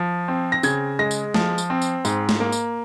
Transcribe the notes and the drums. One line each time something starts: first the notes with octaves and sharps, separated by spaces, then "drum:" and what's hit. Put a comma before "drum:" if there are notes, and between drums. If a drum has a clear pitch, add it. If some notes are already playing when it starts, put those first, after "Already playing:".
Already playing: F3
C4
A#6
C#3 G#6, drum: tambourine
G#3 A#6
drum: tambourine
F3, drum: snare
drum: tambourine
C4
drum: tambourine
G#2, drum: tambourine
drum: snare
A#3
drum: tambourine